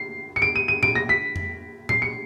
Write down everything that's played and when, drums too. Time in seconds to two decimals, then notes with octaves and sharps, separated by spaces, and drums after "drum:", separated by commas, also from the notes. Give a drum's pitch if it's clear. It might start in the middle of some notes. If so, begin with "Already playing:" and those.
Already playing: C7
0.36 C#7
0.42 D7
0.56 D#7
0.68 D#7
0.83 D7, drum: tom A#2
0.95 A#6
1.09 B6
1.36 drum: tom F2
1.89 C7, drum: tom A#2
2.02 C#7